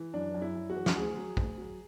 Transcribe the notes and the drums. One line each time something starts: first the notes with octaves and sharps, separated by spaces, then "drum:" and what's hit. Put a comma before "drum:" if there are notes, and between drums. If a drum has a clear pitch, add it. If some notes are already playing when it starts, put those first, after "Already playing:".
Already playing: E3
F#2 D4
F#2
E4
F#2
F#4
E3
drum: snare
D2 G#4
F#3
D2, drum: kick
F#3